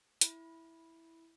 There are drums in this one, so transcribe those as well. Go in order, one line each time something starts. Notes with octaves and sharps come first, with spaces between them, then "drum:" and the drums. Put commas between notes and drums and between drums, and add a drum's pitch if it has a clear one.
E4, drum: hi-hat